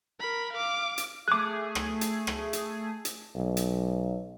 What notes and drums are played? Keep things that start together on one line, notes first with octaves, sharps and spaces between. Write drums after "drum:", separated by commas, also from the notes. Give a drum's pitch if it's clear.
A#4 B5
F5 D6
drum: hi-hat
A3 G#4 D6 F#6
drum: rim click
drum: hi-hat
drum: rim click
drum: hi-hat
drum: hi-hat
B1
drum: hi-hat